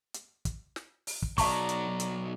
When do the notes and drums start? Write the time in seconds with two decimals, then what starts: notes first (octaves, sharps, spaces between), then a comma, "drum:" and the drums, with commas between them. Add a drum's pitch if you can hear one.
0.14 drum: hi-hat
0.45 drum: kick, hi-hat
0.76 drum: snare
1.07 drum: open hi-hat
1.22 drum: kick
1.38 B2 F#3 D5 F5 A5 A#5 C#6, drum: kick, open hi-hat
1.69 drum: hi-hat
2.00 drum: hi-hat